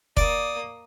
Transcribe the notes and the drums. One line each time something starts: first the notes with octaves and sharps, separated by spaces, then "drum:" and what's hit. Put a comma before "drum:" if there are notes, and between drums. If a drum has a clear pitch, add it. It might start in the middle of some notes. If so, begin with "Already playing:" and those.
A#3 D5 D#6, drum: kick F1